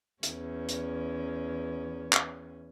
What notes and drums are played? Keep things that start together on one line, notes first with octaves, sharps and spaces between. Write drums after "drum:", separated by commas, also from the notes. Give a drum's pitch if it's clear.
E2 C#4, drum: hi-hat
drum: hi-hat
drum: clap